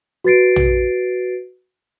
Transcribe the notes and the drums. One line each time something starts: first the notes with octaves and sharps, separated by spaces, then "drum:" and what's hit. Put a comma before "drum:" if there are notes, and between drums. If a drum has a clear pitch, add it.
F#4 B4 A6 C7 D7
drum: tom